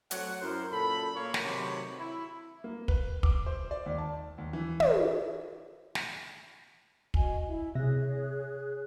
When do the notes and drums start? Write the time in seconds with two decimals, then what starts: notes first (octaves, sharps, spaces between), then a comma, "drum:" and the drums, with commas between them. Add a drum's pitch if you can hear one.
0.11 F#3 A3 C4 C#5 F#5, drum: hi-hat
0.41 F#2 E4 A#4 C5
0.71 F#2 A#2 A4 B5
1.15 A#3 C#5
1.34 drum: snare
1.44 C3 D#3 F#3 A3 C#5 B5
1.99 E4
2.64 A#3
2.88 B4, drum: kick
3.23 D6, drum: kick
3.46 C5
3.71 D5
3.86 D#2
3.98 A5
4.38 D#2
4.53 E3
4.80 drum: tom
5.95 drum: snare
7.14 F#4 D#5 G#5, drum: kick
7.48 E4 E5
7.75 C3 G#4 C#5 E5 F#6 A#6